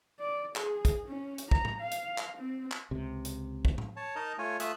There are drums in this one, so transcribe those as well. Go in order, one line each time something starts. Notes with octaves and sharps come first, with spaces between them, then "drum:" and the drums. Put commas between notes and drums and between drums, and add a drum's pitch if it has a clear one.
D5
G#4, drum: clap
drum: kick, hi-hat
C#4
drum: hi-hat
A#5, drum: kick
drum: tom A2
F5
drum: hi-hat
drum: clap
C4
drum: clap
C#2 C3
drum: hi-hat
drum: kick
drum: tom A2
C#5 A5
D#4 A#4 D#5 A5 A#5
A3 F4 C#5 G#5
A3 F4 E5 D#6 E6 F#6, drum: hi-hat